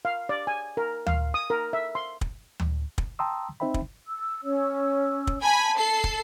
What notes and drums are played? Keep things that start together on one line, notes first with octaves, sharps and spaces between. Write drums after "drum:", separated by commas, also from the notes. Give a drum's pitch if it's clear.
F5
D5
G#5
A#4
F5, drum: tom D2
D#6
A#4
E5
C6
drum: kick
drum: tom D2
drum: kick
G5 A5 A#5 C6 D#6 E6
C4 D#4 C5 E5 G5 B5
drum: kick
E6
C#4 C#5 E6
drum: kick
G#5 A5 B5
A4 C7
drum: kick